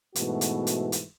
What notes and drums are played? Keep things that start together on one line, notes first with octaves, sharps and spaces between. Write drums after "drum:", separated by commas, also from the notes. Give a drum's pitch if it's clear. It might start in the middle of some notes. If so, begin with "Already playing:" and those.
G#2 B2 E3 A3 F#4, drum: hi-hat
drum: hi-hat
drum: hi-hat
drum: hi-hat